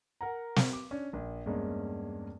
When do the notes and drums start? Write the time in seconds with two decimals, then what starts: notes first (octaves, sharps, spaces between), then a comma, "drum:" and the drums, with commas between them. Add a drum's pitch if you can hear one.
0.21 A#4 F#5 A#5
0.56 drum: snare
0.73 D6
0.91 C#4 D4
1.13 A#1
1.46 E2 G2 G#3 A#3 C#4